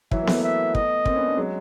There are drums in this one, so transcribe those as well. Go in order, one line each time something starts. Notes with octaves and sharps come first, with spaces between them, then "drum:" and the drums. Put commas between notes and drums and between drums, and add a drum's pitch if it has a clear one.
E3 F#3 E5, drum: kick
A#3
A3 B3, drum: snare B3
E5
D#5, drum: kick
A#3 C4, drum: kick
B3 C#4
C4 D4
F#3 G#3